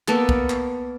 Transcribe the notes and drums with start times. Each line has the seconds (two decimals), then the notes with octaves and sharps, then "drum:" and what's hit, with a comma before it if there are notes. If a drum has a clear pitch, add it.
0.08 A#3 B3 A4, drum: clap
0.29 drum: kick C2
0.50 drum: clap